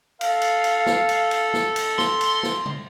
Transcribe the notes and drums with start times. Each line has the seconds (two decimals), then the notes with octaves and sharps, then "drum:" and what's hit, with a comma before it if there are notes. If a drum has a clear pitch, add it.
0.21 A4 F5, drum: cymbal
0.42 drum: cymbal
0.64 drum: cymbal
0.86 drum: snare
1.09 drum: cymbal
1.31 drum: cymbal
1.54 drum: snare
1.76 drum: cymbal
1.98 C6, drum: snare
2.21 drum: cymbal
2.43 drum: snare
2.66 drum: tom C3